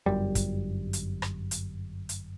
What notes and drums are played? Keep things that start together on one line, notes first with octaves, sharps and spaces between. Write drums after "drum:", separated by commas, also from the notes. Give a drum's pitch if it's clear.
G1 F#2 G3
drum: kick, hi-hat
drum: hi-hat
drum: rim click
drum: hi-hat
drum: hi-hat